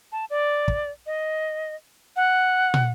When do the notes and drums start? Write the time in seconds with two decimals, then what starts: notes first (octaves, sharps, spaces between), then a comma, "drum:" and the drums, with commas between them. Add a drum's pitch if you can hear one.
0.12 A5
0.30 D5
0.68 drum: kick
1.06 D#5
2.16 F#5
2.74 drum: tom